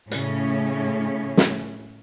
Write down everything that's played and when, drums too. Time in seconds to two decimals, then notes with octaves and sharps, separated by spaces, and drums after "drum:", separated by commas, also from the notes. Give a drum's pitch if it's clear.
0.11 A2 C#3 C#4, drum: hi-hat
1.37 drum: snare